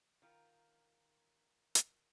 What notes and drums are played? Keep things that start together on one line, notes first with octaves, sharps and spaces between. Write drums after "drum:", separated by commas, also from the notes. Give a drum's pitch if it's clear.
D#3 F4 A#4
drum: hi-hat